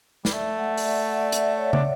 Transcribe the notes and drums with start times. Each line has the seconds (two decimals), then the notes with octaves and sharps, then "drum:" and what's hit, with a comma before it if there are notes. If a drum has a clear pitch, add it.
0.25 G3 D5, drum: snare
0.34 A3 E5
0.58 F#5
0.77 D5, drum: open hi-hat
0.83 E5
1.07 F#5
1.21 D5
1.32 E5, drum: hi-hat
1.57 C#5
1.73 D4, drum: tom